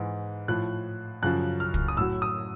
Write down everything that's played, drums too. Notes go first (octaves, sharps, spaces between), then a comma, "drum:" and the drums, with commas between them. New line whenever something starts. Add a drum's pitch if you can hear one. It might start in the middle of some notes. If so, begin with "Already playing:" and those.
Already playing: G#2 E3
A2 F3 F#6
F#2 C#3 F3 F#6
F6
drum: kick
D#6
A2 F#3 E6
D#6